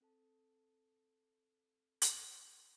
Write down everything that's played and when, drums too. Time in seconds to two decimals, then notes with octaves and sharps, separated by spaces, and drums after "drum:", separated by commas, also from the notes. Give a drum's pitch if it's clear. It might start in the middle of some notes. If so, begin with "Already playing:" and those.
0.01 C4 A4 A5
2.02 drum: hi-hat